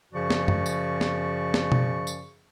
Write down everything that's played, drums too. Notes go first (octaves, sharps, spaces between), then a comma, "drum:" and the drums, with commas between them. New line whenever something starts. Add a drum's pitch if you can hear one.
F#2 C#3 F3 F#4 D5 C#6
drum: snare
drum: tom
drum: tambourine
drum: snare
drum: snare
drum: tom B2
drum: tambourine